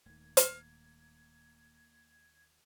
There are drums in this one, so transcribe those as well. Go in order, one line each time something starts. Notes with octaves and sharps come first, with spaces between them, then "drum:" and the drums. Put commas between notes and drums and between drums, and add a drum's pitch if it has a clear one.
D#1 D#2 D#3 A3 A#3 G#6
drum: hi-hat